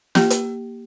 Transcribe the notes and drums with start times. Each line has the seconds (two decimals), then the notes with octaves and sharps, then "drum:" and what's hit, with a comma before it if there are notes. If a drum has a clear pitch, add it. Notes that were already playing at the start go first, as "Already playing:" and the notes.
0.15 A#3 G4, drum: snare
0.30 drum: hi-hat